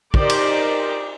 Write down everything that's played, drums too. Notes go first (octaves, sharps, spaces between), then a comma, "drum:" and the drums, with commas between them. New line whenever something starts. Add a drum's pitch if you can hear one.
D#4 G4 A#4 C5 D5, drum: kick
drum: cymbal